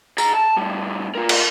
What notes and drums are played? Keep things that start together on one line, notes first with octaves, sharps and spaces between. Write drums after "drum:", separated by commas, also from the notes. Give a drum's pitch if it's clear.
G#4 A#5, drum: tambourine
A5
A2 G3
F4 A#4
drum: cymbal